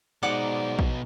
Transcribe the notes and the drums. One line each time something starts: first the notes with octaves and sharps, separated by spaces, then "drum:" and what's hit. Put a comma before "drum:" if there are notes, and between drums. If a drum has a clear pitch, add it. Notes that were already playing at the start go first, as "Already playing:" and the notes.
G#2 B2 D#4 D5 F#5 D6
drum: kick